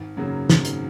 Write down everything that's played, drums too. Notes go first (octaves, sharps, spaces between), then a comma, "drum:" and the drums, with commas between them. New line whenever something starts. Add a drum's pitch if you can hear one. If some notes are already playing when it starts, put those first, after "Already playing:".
Already playing: G#1
F#2 C#3 F#3 A#3
G#1, drum: snare
drum: hi-hat